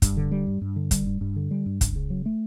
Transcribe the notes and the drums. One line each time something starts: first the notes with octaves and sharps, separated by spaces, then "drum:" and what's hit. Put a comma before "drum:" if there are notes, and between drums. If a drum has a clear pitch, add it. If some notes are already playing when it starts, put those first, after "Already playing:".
G2, drum: kick, hi-hat
D3
G3
G2
G2
D3
G3, drum: kick, hi-hat
G2
G2
D3
G3
G2
C#2, drum: kick, hi-hat
C#3
F#3
A3